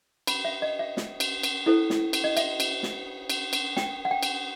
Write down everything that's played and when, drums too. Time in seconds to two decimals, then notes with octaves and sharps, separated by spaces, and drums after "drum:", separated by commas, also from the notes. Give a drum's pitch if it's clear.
0.27 B5, drum: cymbal
0.45 E5
0.62 D#5
0.79 E5
0.97 drum: snare
1.20 drum: cymbal
1.43 drum: cymbal
1.66 E4 A4 C5
1.90 drum: snare
2.13 drum: cymbal
2.24 D#5
2.37 E5, drum: cymbal
2.60 drum: cymbal
2.83 drum: snare
3.30 drum: cymbal
3.53 drum: cymbal
3.77 G5, drum: snare
4.05 F#5
4.11 G5
4.23 drum: cymbal